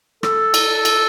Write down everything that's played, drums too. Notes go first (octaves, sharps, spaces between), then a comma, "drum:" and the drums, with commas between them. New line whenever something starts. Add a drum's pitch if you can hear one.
A4, drum: rim click
drum: cymbal
drum: cymbal